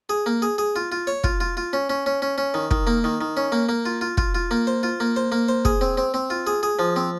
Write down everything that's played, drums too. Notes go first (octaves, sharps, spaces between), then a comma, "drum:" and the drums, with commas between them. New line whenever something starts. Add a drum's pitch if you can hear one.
G#4
A#3
G#4
G#4
F4
F4
C#5
F4, drum: kick
F4
F4
C#4
C#4
C#4
C#4
C#4
D#3
D#3, drum: kick
A#3
D#3
D#3
C#4
A#3
A#3
F4
F4
F4, drum: kick
F4
A#3
C5
F4
A#3
C5
A#3
C5
G#4, drum: kick
C4
C4
C4
F4
G#4
G#4
F3
C4